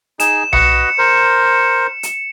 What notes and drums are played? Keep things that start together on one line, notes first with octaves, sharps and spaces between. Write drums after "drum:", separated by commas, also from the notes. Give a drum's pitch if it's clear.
D#4 G#4 E7, drum: hi-hat
F#4 B4 D#5 C#7, drum: tom B1
A#4 C5
drum: hi-hat